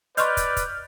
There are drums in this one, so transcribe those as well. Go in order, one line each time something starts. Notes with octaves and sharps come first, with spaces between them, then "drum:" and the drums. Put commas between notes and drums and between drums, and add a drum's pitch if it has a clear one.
B4 D5 D#5 C6 C#6 F6 G6, drum: hi-hat
drum: kick, hi-hat
drum: kick, hi-hat